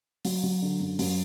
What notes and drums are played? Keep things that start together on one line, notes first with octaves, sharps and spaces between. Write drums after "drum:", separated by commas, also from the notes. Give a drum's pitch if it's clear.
F#3, drum: open hi-hat
F#3
D3
F#2
F#2, drum: open hi-hat